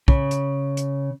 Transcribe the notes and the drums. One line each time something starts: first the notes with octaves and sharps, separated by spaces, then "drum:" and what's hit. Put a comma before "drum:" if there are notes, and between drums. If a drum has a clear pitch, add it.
C#3, drum: kick
drum: hi-hat
drum: hi-hat